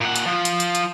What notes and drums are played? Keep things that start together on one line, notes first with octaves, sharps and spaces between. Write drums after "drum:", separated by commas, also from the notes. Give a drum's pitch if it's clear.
A#2 F#5
drum: hi-hat
F3
drum: hi-hat
drum: hi-hat
drum: hi-hat